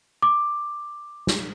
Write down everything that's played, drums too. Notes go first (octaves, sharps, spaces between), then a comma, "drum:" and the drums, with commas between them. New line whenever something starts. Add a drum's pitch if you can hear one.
D6
drum: snare